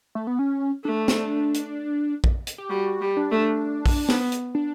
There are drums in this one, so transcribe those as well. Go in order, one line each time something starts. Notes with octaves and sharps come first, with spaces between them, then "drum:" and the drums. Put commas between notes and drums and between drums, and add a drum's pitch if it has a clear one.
A3
B3
C#4
A3 D4
drum: snare
drum: hi-hat
drum: kick
drum: hi-hat
G4
G3 F#4
G3
D4
A3
drum: kick, open hi-hat
B3, drum: snare
drum: hi-hat
D4